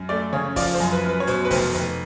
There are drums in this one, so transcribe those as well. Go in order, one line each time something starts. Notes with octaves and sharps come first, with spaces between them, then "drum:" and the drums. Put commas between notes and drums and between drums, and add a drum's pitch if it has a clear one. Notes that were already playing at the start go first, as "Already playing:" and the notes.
Already playing: F#2
A3 D5
C#3 C#5
F3 D5, drum: kick, open hi-hat
C5
F#2, drum: hi-hat
B4
F#2
B4
C#5
B2 C5, drum: hi-hat
B4
F1 C5, drum: kick, open hi-hat
F1 B4, drum: hi-hat